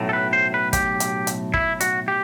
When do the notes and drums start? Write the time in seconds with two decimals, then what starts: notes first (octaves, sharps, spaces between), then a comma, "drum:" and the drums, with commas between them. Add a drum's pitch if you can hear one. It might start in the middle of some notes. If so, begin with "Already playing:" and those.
Already playing: B1 A2 F#3 A3
0.09 A4
0.13 B4
0.33 C5
0.54 B4
0.73 G4, drum: kick, hi-hat
1.00 drum: hi-hat
1.27 drum: hi-hat
1.54 E4, drum: kick
1.80 F#4, drum: hi-hat
2.08 G4